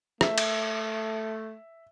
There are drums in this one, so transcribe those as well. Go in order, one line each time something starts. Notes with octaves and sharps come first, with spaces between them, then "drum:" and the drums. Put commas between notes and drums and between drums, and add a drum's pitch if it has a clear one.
A3 E5, drum: rim click
drum: cymbal